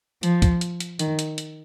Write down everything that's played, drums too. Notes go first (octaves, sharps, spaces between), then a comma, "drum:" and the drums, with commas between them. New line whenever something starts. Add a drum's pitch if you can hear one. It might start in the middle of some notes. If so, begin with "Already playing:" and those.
F3, drum: hi-hat
drum: kick, hi-hat
drum: hi-hat
drum: hi-hat
D#3, drum: hi-hat
drum: hi-hat
drum: hi-hat